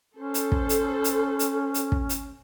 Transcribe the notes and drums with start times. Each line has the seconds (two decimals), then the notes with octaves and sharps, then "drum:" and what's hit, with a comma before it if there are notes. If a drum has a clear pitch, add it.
0.17 C#4 A4 C5
0.34 drum: hi-hat
0.52 drum: kick
0.69 drum: hi-hat
1.04 drum: hi-hat
1.39 drum: hi-hat
1.74 drum: hi-hat
1.92 drum: kick
2.09 drum: hi-hat